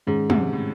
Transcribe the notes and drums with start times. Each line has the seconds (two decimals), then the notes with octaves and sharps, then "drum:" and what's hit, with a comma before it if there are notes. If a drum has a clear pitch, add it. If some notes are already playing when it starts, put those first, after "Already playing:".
0.07 G#2 D#3 G#3 C#4 G#4
0.30 G#2 C3, drum: tom
0.53 A2